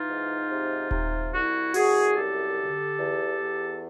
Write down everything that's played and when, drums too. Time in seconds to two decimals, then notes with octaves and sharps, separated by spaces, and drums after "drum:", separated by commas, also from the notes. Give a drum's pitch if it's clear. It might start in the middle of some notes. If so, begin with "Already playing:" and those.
Already playing: E3 D#4 F4
0.09 G#2
0.50 C3
0.91 C3, drum: kick D#1
1.33 C2 E4 F#4
1.74 C2 F#4 G#4, drum: open hi-hat
2.16 F#2 G4 A4
2.58 D3
2.99 E2
3.40 E2